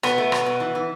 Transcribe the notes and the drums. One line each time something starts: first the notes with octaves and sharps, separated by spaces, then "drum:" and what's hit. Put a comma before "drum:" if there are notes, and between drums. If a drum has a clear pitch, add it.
B2 B3, drum: rim click
A3
B2, drum: rim click
B2
E3
E3